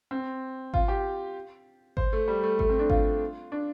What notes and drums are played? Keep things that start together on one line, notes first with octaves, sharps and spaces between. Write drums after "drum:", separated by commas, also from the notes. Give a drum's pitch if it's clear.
C4
F4, drum: kick G#1
G4
C5, drum: kick G#1
A3
G3
A3
A3, drum: kick G#1
C4
D4
F4, drum: kick G#1
D4